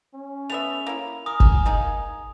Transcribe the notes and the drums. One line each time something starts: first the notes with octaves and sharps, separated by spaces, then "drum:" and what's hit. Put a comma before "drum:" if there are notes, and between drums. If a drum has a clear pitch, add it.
C#4
A3 B3 E5 F7
A#3 E4
A#4 G#5 D#6
drum: kick
A#3 D#4 G#4